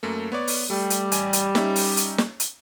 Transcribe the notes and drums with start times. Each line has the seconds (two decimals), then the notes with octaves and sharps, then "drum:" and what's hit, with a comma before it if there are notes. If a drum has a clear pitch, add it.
0.03 F#2 A3 A#3
0.32 B3 C#5 D5
0.47 drum: open hi-hat
0.70 G3 A3
0.90 drum: hi-hat
1.12 A1 G#5, drum: hi-hat
1.33 drum: hi-hat
1.55 C#4 D#4 E5, drum: snare
1.76 drum: open hi-hat
1.97 drum: hi-hat
2.18 drum: snare
2.40 drum: hi-hat